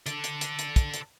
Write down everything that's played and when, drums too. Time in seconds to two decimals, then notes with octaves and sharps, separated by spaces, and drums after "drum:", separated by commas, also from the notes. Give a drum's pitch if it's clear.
0.06 A4 D5, drum: hi-hat
0.24 drum: hi-hat
0.41 drum: hi-hat
0.59 drum: hi-hat
0.76 drum: kick, hi-hat
0.94 drum: hi-hat